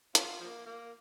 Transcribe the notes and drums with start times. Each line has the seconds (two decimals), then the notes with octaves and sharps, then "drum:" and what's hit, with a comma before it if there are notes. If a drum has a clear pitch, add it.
0.15 A#3 C#4 F4, drum: hi-hat
0.40 F3 A#3
0.66 A#3